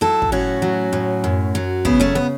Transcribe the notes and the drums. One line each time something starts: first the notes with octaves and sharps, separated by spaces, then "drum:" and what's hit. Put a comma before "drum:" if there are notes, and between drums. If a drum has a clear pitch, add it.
F#3 E4 A4
drum: kick
A2 C#4 F#4
F#3
A2
F#2
F#3
C#3 B3 E4, drum: kick
A3 C#4
B3